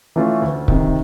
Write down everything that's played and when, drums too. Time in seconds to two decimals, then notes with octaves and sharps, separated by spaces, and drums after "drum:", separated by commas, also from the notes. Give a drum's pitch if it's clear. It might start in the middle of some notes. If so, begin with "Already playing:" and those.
0.16 E3 A3 C#4 F4
0.42 D2
0.68 C3 D#3, drum: kick C#1